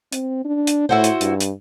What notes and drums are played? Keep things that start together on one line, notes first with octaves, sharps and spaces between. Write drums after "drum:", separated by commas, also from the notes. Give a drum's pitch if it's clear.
C4, drum: hi-hat
D4
drum: hi-hat
A2 E4 F#4 C5
drum: hi-hat
G2, drum: hi-hat
drum: hi-hat